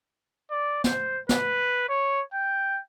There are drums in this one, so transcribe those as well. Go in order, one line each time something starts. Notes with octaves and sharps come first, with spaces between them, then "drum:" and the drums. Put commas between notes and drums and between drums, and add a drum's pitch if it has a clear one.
D5
C5, drum: snare
B4, drum: snare
C#5
G5